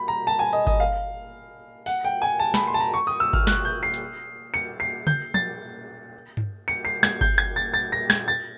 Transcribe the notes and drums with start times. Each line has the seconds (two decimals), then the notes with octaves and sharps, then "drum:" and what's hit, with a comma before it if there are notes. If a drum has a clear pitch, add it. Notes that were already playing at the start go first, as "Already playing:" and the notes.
Already playing: B5
0.08 A#5
0.27 A5
0.39 G#5
0.53 D#5
0.67 D#5, drum: kick G1
0.80 F5
1.86 F#5, drum: open hi-hat
2.05 G5
2.22 G#5
2.39 A5
2.54 B5, drum: snare
2.67 C6
2.74 A5
2.80 A#5
2.94 C#6
3.07 D#6
3.20 E6
3.33 F6, drum: kick G1
3.47 F#6, drum: snare
3.65 G6
3.83 C7
3.94 drum: hi-hat
4.54 C#7
4.80 C7
5.07 G6, drum: tom C#3
5.34 A6, drum: tom F3
6.37 drum: tom G2
6.68 C#7
6.85 C7
7.03 G#6, drum: snare
7.21 G6, drum: kick G1
7.38 G#6
7.56 A6
7.74 A6
7.92 A#6
8.10 G#6, drum: snare
8.28 A6